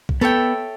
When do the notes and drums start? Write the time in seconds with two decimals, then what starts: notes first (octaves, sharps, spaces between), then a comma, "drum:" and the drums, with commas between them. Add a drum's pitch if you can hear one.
0.09 drum: kick
0.21 B3 A4 C#5 E5 G5